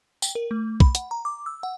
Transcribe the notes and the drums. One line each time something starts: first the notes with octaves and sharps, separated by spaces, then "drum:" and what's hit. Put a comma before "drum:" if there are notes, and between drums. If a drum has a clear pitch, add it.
G5, drum: tambourine
A#4
A3
B5, drum: kick
F#5, drum: hi-hat
A#5
D6
E6
F#5